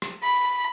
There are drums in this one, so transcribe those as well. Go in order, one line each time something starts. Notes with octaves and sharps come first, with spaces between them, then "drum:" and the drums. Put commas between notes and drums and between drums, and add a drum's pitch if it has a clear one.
drum: rim click
B5